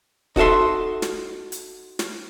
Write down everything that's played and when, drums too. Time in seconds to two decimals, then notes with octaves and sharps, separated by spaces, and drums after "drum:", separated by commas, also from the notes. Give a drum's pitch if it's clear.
0.36 D#4 F#4 A4 E5 C6, drum: kick
1.02 drum: snare
1.52 drum: hi-hat
1.99 drum: snare